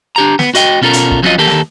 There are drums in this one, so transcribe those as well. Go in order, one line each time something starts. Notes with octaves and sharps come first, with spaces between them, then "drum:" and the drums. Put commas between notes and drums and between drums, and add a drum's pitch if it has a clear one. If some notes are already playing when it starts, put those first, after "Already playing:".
D4 G4 A#5
B3, drum: snare
F#4 D#5 G5, drum: hi-hat
B2 C#4 F4 A4 A#4
drum: hi-hat
drum: kick
F2 F#3 C4 C#4 F4 D#5
D#2 G4 A4 A#4
drum: snare